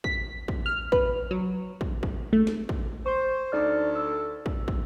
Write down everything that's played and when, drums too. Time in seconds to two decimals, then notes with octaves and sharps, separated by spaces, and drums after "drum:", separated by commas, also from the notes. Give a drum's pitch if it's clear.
0.04 B6, drum: kick
0.48 drum: kick
0.66 F6
0.92 B4, drum: kick
1.31 F#3
1.81 drum: kick
2.03 drum: kick
2.33 A3
2.47 drum: snare
2.69 drum: kick
3.06 C5 C#6
3.52 D2 D#4 A4 D5 F6
3.96 E6
4.46 drum: kick
4.68 drum: kick